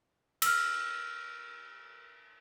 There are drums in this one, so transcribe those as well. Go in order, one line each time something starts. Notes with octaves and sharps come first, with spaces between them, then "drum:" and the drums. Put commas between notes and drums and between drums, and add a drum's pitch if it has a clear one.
E6 F6, drum: cymbal